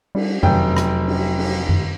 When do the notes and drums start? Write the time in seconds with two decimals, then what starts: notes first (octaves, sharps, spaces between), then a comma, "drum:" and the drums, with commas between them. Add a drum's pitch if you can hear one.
0.15 G3, drum: cymbal
0.43 F1 F#3 G5, drum: tom F#2
0.77 drum: rim click
1.07 drum: cymbal
1.38 drum: cymbal
1.69 drum: tom F#2